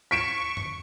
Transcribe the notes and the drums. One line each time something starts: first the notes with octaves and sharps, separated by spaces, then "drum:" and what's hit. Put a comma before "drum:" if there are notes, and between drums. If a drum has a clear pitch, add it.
C#6 B6 D7 E7
drum: tom F2